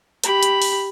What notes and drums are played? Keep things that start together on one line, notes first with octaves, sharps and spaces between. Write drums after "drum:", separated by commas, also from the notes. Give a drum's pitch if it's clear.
G4 B5, drum: hi-hat
drum: hi-hat
drum: open hi-hat